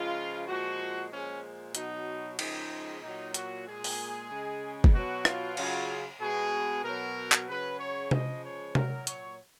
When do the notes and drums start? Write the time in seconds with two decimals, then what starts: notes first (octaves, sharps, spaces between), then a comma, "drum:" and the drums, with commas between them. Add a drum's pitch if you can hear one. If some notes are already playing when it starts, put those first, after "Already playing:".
Already playing: C#3 F3 G#3 F4
0.47 A#2 F3 G#3 F#4
1.11 A#2 F3 G#3 C#4
1.75 B2 F#3 D#4, drum: hi-hat
2.39 C#3 F3 G#3 D#4, drum: cymbal
3.02 A#2 F#3 D#4
3.34 F#4, drum: hi-hat
3.66 A#2 G#3 G#4
3.84 drum: open hi-hat
4.30 C#3 G#3
4.84 drum: kick
4.93 B2 F#3 F#4
5.25 F4, drum: rim click
5.57 C#3 F#3, drum: cymbal
6.21 B2 G#3 G#4
6.84 B2 F#3 A#4
7.32 drum: clap
7.48 C#3 F#3 B4
7.80 C#5
8.11 C#3 F3 G#3 D#5, drum: tom C3
8.43 C#5
8.75 A#2 F#3 A#4, drum: tom C3
9.07 C#5, drum: hi-hat